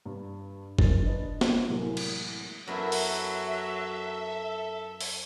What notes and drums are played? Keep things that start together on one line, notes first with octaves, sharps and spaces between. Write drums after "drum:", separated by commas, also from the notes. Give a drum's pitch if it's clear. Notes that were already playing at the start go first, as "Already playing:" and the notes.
G2
F#1 A6, drum: kick
D4 B4 D#5
drum: snare
C2 A2 E3 F#3 G#3 A#3
drum: cymbal
F#2 F#3 B3 E4 A4 E5
drum: open hi-hat
drum: open hi-hat